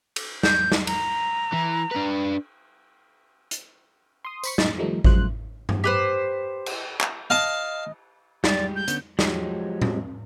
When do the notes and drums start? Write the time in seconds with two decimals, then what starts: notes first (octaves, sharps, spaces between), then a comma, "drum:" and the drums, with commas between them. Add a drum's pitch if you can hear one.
0.16 drum: cymbal
0.43 G6, drum: snare
0.72 drum: snare
0.87 A#5, drum: cymbal
1.53 E3
1.92 D4 B4
3.51 drum: hi-hat
4.25 C6 D#6
4.44 C5 B5 C#6, drum: tambourine
4.58 F#2 A2 D#4 A6, drum: snare
4.78 D#3 F3 G3 A3 D#4
5.04 A1 F#2 F3 G#3 C5 F#6, drum: kick G#1
5.69 drum: tom G2
5.84 G4 B4 C5
6.66 drum: cymbal
7.01 drum: clap
7.30 D#5 F5 A5
8.44 G3 G#3 G4 D5, drum: snare
8.75 G6
8.88 D3 B3 C#4, drum: hi-hat
9.19 F3 F#3 G#3 G4, drum: snare
9.82 drum: tom A2